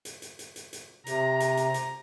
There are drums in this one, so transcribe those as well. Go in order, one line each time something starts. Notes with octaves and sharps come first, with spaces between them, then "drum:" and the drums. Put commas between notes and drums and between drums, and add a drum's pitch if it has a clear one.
drum: hi-hat
drum: hi-hat
drum: hi-hat
drum: hi-hat
drum: hi-hat
C3 A#5, drum: hi-hat
drum: hi-hat
drum: hi-hat
drum: hi-hat